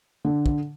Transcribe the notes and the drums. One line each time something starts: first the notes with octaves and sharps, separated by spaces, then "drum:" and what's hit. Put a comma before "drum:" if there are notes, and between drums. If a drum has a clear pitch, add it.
D3
drum: kick